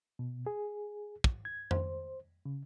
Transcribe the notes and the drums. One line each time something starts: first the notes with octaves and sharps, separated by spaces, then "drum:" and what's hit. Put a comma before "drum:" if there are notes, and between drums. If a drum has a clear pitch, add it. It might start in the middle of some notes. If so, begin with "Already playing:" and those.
B2
G#4
drum: kick
G#6
C5, drum: tom F2
C#3